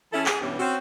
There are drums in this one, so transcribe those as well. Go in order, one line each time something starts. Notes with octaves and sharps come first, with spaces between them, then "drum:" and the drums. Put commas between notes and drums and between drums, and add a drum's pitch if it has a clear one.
E3 C#4 E4 G#4 A4
G#4, drum: clap
G2 B2 E3 G3 B3 C#4
C4 C#4 F#4